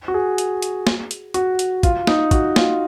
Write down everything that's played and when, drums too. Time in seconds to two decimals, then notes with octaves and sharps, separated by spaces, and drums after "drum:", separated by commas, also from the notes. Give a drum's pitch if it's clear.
0.08 F#4
0.14 G#4
0.38 drum: hi-hat
0.62 drum: hi-hat
0.87 drum: snare
1.11 drum: hi-hat
1.34 F#4, drum: hi-hat
1.59 drum: hi-hat
1.83 F4, drum: kick, hi-hat
2.07 D#4, drum: snare
2.31 F#4, drum: kick, hi-hat
2.56 F4, drum: snare